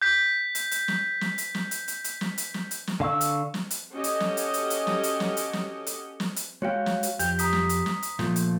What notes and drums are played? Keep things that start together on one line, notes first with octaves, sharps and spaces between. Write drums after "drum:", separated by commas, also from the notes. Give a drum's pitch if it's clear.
G6 B6
drum: hi-hat
drum: hi-hat
drum: snare
drum: snare
drum: hi-hat
drum: snare
drum: hi-hat
drum: hi-hat
drum: hi-hat
drum: snare
drum: hi-hat
drum: snare
drum: hi-hat
drum: snare
D3 F5 C#6 E6
drum: hi-hat
drum: snare
drum: hi-hat
C#4 F#4 G4 A4 C#5 D#5
drum: hi-hat
drum: snare
drum: hi-hat
drum: hi-hat
drum: hi-hat
drum: snare
drum: hi-hat
drum: snare
drum: hi-hat
drum: snare
drum: hi-hat
drum: snare
drum: hi-hat
G#3 F#4 C#5 F5 G5
drum: snare
drum: hi-hat
F2 G4 G6, drum: hi-hat
A#5 D#6 B6, drum: hi-hat
drum: snare
drum: hi-hat
drum: snare
drum: hi-hat
A#2 F3 A3, drum: snare
drum: hi-hat